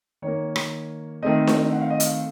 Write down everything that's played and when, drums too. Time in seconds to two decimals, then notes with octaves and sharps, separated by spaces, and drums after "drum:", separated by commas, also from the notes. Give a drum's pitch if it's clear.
0.22 D#3 A#3 C#5
0.56 drum: rim click
1.23 D#3 A3 C4 D#5
1.47 drum: snare D4
1.73 F#5
1.81 F5
1.90 D#5
2.00 F5, drum: hi-hat